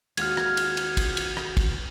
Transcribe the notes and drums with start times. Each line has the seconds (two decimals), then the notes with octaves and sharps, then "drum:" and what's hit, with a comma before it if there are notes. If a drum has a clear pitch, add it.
0.17 D#2 G#3 F#4 F#5 F6 G#6, drum: cymbal
0.37 drum: rim click
0.57 drum: cymbal
0.77 drum: cymbal
0.97 drum: kick, cymbal
1.17 drum: cymbal
1.37 drum: rim click
1.57 drum: kick, cymbal